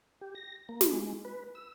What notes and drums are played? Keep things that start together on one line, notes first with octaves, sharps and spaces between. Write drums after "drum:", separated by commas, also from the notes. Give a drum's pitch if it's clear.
G4
A#6
A#3
drum: snare
G#3
B4
E6